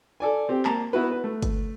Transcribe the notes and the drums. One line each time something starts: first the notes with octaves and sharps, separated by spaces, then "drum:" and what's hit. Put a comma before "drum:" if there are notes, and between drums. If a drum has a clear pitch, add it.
A4 D5 G#5
C4 G4
A#3 A5 A#5, drum: clap
B3 E4 F#4 B4
B4
A3
drum: kick G1, hi-hat